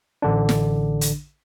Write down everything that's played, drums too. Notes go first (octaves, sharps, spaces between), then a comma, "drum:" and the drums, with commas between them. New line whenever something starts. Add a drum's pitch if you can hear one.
A1 D3 D4
drum: snare
drum: hi-hat